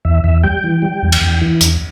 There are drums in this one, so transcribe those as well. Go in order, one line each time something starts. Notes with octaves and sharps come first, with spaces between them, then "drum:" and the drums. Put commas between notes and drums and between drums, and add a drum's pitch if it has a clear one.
E2 E5
E2 E5
G3 G5
E3
G3
E2
drum: cymbal
E2
E3
E2, drum: hi-hat